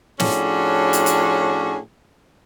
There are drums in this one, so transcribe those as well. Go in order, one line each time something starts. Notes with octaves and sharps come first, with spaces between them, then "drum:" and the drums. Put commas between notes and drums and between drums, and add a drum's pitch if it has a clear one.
A2 F3 C#4 D4 F#4 G#4, drum: snare
drum: hi-hat
drum: hi-hat